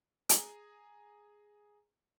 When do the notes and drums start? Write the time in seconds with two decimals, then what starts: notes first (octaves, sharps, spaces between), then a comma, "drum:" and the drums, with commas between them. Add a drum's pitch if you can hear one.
0.29 G#4 G#5 A#5, drum: hi-hat